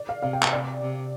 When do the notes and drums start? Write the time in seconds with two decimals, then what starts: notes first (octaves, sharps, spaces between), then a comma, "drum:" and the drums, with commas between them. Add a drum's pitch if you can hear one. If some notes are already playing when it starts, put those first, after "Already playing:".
Already playing: D5
0.09 F5
0.22 C3 F5
0.33 G5
0.43 F5, drum: clap
0.52 C3 D5
0.82 C3